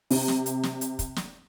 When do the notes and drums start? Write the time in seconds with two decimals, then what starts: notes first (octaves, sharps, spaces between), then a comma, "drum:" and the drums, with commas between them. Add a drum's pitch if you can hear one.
0.10 C3, drum: open hi-hat
0.28 drum: snare
0.46 drum: hi-hat
0.63 drum: snare
0.81 drum: hi-hat
0.99 drum: kick, hi-hat
1.16 drum: snare